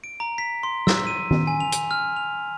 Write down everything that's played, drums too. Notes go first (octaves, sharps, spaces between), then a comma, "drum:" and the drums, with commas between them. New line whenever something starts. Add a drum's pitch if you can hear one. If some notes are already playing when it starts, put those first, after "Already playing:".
D7
A#5
B6
C6
E6, drum: snare
D#7
drum: tom D#3
G#5
F7
drum: hi-hat
F6
F7